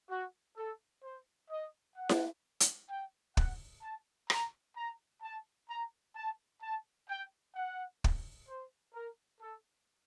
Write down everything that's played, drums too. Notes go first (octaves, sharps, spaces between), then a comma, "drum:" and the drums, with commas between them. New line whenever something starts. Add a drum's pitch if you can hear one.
F#4
A4
C5
D#5
F#5
drum: snare E4
drum: hi-hat
G5
F#5, drum: kick
A5
A#5, drum: rim click
A#5
A5
A#5
A5
A5
G5
F#5
drum: kick
C5
A#4
A4